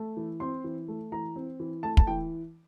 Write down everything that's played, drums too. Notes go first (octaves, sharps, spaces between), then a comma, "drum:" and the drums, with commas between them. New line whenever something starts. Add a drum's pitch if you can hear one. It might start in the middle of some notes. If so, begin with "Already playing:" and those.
Already playing: A3
E3
C4 C6
E3
A3
E3 A#5
C4
E3
A3 A5
A5, drum: kick
E3 G5